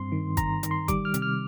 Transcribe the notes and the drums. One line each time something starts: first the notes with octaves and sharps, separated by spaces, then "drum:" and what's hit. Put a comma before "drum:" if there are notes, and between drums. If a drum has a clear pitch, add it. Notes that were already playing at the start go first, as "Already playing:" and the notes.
Already playing: G2 C4 C6
D#3
D#3 A#5, drum: kick, hi-hat
D#3, drum: hi-hat
C6
G3 D6, drum: kick, hi-hat
F6
C3, drum: hi-hat
F6